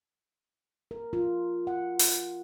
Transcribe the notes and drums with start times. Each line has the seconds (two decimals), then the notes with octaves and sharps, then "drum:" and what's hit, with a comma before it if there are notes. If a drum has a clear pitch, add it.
0.91 A#4
1.13 F4
1.67 F#5
1.99 drum: open hi-hat